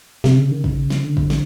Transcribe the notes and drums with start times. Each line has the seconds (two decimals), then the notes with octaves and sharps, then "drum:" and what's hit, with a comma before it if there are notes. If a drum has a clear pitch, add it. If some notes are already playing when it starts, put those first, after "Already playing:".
0.24 C3, drum: snare
0.37 C#3
0.51 D#3
0.64 C#3, drum: kick
0.90 drum: snare
1.03 D3
1.17 drum: kick
1.30 drum: snare